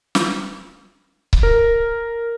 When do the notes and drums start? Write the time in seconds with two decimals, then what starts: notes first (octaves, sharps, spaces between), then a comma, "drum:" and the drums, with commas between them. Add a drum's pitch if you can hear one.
0.15 drum: snare
1.33 drum: kick C#1
1.43 A#4